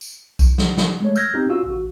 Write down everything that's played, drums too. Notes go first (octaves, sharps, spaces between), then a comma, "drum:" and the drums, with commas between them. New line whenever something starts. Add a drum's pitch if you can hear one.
drum: tambourine
drum: kick B1, tambourine
drum: snare
drum: snare
G#3 A3 C#5
E6 F6 G6 G#6 A#6, drum: tambourine
C4 D#4 G4
C#4 F4 F#4 F5 E6
A1 F#4